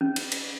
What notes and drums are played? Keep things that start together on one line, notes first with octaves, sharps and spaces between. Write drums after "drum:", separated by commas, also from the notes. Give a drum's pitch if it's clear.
C#4
drum: cymbal
drum: cymbal